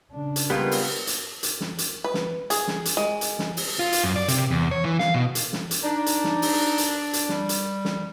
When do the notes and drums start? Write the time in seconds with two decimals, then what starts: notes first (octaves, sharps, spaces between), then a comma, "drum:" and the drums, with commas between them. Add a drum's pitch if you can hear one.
0.11 C#3 D4
0.36 drum: hi-hat
0.50 G3 G#3 A#3 B3 F4 G4 A#4 B4
0.71 drum: open hi-hat
1.07 drum: hi-hat
1.43 drum: hi-hat
1.61 drum: snare
1.78 drum: hi-hat
2.04 B4
2.14 drum: snare
2.50 G#4, drum: hi-hat
2.68 drum: snare
2.85 drum: hi-hat
2.97 G#3
3.21 drum: hi-hat
3.39 drum: snare
3.57 drum: open hi-hat
3.79 F4
3.92 drum: hi-hat
4.04 F#2
4.16 D5
4.28 C3, drum: hi-hat
4.51 E2
4.71 C#5
4.84 E3
4.99 F5, drum: snare
5.14 B2
5.35 drum: hi-hat
5.53 drum: snare
5.71 drum: hi-hat
5.83 D4 D#4
6.06 drum: hi-hat
6.24 drum: snare
6.42 drum: open hi-hat
6.78 drum: hi-hat
7.13 drum: hi-hat
7.29 G3, drum: snare
7.49 drum: hi-hat
7.85 drum: snare